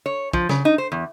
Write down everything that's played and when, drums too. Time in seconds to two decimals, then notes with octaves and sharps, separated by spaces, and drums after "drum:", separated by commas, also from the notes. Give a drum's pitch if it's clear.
0.06 C#5
0.33 F3, drum: kick
0.49 C#3, drum: snare
0.65 D#4
0.78 C5
0.92 E2